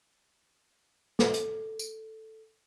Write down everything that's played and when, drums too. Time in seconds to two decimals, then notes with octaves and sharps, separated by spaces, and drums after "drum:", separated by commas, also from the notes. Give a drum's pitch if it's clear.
1.19 A4, drum: snare
1.34 drum: hi-hat
1.79 drum: tambourine